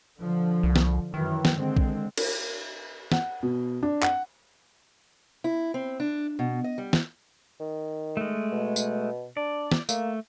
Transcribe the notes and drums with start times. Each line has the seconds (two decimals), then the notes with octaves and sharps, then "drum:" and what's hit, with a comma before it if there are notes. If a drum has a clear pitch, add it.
0.19 D3 F3
0.63 C2
0.76 drum: snare
1.14 F#2 D#3 E3
1.45 drum: snare
1.56 D3 G#3 C4
1.77 drum: kick A#1
2.17 drum: cymbal
3.12 F#5, drum: snare
3.43 B2
3.83 D4
4.03 F#5, drum: clap
5.44 E4
5.74 C4
6.00 D4
6.39 B2
6.64 D#5
6.78 G3
6.93 drum: snare
7.60 D#3
8.17 G#3 A3
8.52 B2
8.76 drum: tambourine
9.37 D4 D5
9.72 drum: snare
9.89 A3 A#3, drum: tambourine